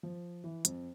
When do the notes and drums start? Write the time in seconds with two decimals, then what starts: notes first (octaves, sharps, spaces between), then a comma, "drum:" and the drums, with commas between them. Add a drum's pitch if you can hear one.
0.03 F3
0.44 E3
0.65 F2, drum: hi-hat